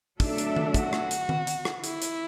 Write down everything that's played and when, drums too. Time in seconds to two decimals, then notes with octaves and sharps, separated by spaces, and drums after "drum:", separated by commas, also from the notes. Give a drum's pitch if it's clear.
0.20 F#3 A3 D4 A4 E5, drum: kick, open hi-hat
0.38 drum: hi-hat
0.56 drum: tom D#3
0.74 F#4, drum: kick, hi-hat
0.93 drum: rim click
1.11 drum: hi-hat
1.29 drum: tom D#3
1.47 drum: hi-hat
1.65 drum: rim click
1.84 E4, drum: hi-hat
2.02 drum: hi-hat